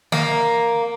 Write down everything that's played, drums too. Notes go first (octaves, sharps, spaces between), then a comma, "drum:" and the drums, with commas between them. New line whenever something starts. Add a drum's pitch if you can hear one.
A#3, drum: snare